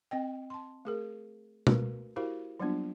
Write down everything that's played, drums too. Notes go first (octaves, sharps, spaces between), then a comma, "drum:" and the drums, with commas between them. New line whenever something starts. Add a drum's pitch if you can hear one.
C4 D#5 G5
A5 C6
A3 G#4 A#4
A3 F#4 A#4 B4, drum: tom B2
E4 F#4 G4 A#4 C5 F5
F#3 G3 A#3 B3 D4 F4